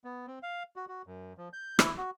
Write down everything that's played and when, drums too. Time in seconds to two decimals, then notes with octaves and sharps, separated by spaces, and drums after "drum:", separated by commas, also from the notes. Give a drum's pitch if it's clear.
0.04 B3
0.27 C4
0.43 F5
0.76 F#4
0.88 F#4
1.07 F#2
1.38 F3
1.53 G6
1.79 E4, drum: rim click
1.98 F#4